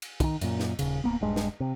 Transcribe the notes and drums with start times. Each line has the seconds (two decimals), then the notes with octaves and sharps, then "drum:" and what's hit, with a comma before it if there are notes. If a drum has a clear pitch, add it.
0.02 drum: cymbal
0.20 D3 D#3, drum: kick B1, cymbal
0.41 F#2 A#2, drum: cymbal
0.60 drum: snare
0.79 D#1 C#3, drum: cymbal
1.04 D1 C#2 A#3 B3
1.21 D#1 G2 G#3
1.36 drum: snare
1.60 C3